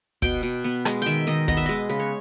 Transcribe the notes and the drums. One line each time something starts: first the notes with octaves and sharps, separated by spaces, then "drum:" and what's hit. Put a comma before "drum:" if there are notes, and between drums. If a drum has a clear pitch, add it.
B2 G5, drum: kick
B2
B3
G#3, drum: rim click
D#3 E5 G5
D#3 D#5
B3 D#5, drum: kick
E5
G#3 D#5
C#3 B4
C#5